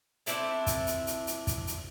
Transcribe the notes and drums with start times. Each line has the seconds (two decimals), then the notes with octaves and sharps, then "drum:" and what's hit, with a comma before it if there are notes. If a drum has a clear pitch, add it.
0.26 C4 D4 E4 A4, drum: hi-hat
0.66 drum: kick, hi-hat
0.87 drum: hi-hat
1.07 drum: hi-hat
1.27 drum: hi-hat
1.47 drum: kick, hi-hat
1.67 drum: hi-hat